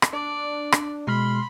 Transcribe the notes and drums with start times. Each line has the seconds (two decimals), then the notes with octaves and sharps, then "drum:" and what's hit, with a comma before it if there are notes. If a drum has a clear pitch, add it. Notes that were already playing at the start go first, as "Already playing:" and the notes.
0.02 drum: rim click
0.13 D4 D5
0.72 drum: rim click
1.07 B2 G#3 B5 C6 F6